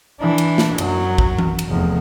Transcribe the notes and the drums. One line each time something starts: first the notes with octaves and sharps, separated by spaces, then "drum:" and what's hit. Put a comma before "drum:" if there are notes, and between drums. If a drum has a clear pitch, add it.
E3 D4
drum: cymbal
drum: snare
F#2 F#3, drum: cymbal
drum: kick
drum: tom E3
drum: cymbal
F1 E2